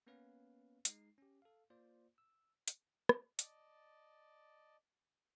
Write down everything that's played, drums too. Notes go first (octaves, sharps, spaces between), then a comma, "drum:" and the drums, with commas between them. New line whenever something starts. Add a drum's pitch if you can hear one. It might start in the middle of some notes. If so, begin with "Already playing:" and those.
A#3 B3 C#4 B4 C#5 F5
G#3 D#4 C7, drum: hi-hat
C#4 G4
A4 F5
A#3 F4 C5 D5
E6
drum: hi-hat
drum: rim click
D5 D#5 A5, drum: hi-hat